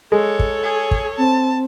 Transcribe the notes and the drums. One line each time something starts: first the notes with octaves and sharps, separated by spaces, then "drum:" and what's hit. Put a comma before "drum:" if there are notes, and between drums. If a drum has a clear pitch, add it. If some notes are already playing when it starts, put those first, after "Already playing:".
G#3 A4 C#5
drum: kick
G#4
drum: kick
C4 A5